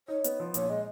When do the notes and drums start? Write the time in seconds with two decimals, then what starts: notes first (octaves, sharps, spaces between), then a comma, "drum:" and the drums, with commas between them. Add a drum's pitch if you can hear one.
0.08 D#4 C#5
0.24 B3, drum: hi-hat
0.40 F3
0.54 A#1 C#5, drum: hi-hat
0.69 G#3 D#5